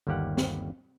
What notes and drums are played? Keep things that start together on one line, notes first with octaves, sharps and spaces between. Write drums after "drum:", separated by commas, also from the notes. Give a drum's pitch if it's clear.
G1 D#2 G3 A#3 G4 F#5
drum: snare